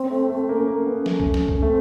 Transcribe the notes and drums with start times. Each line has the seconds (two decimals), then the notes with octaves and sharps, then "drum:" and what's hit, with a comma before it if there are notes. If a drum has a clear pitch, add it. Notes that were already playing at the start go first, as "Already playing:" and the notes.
Already playing: C4
0.11 A3
0.30 A3
0.48 A#3 C#4
0.68 A#3
0.87 B3
1.06 A3, drum: snare
1.20 drum: kick B1
1.34 drum: snare
1.48 drum: kick B1
1.62 A3 C4